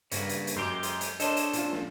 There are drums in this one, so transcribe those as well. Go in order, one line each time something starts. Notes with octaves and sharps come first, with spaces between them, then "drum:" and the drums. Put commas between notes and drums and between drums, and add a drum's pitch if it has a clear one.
G2 C#3 A#3 B3, drum: hi-hat
drum: hi-hat
drum: hi-hat
F#2 G#3 G4 G6 C7 D7
drum: hi-hat
drum: hi-hat
D4 A4 A#4 C5 C#5 D#5, drum: hi-hat
drum: hi-hat
A#2 C#4 F4, drum: hi-hat
drum: snare